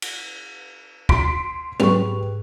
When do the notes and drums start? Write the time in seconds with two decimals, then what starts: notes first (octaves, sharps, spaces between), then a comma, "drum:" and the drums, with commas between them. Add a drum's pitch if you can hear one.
0.02 drum: cymbal
1.09 C6 B6 D7, drum: kick
1.80 G#2 G4 B4 C#6 F7, drum: tom F#3